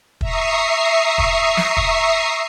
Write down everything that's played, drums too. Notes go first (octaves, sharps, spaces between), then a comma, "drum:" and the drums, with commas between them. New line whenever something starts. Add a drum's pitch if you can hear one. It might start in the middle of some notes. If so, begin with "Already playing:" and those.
E5 A#5 C#6 D#6 C7, drum: kick
drum: kick
drum: snare
drum: kick